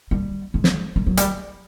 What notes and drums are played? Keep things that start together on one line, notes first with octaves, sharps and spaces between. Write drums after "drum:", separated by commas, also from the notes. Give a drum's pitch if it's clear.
G3
G#3
drum: snare
G3
F#3
G3, drum: hi-hat